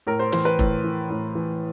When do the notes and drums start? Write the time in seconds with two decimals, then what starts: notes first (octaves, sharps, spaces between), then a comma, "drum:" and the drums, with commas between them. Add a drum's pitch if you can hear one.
0.07 A2 A#4
0.19 C5
0.32 E3 C5, drum: snare
0.45 B4
0.59 A2, drum: kick F1
0.84 E3
1.10 A2
1.35 E3